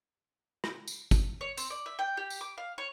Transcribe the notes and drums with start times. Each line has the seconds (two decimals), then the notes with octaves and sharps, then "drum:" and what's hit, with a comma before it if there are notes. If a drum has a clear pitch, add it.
0.64 drum: rim click
0.88 drum: tambourine
1.11 drum: kick, tambourine
1.41 C#5
1.57 C4, drum: tambourine
1.70 D5
1.86 E5
1.99 G5
2.17 G4
2.30 drum: tambourine
2.41 D6
2.58 F5
2.78 C#5